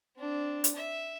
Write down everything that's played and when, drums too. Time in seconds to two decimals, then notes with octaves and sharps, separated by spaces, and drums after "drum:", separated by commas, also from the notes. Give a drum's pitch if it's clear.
0.17 C4 D4
0.64 drum: hi-hat
0.75 E5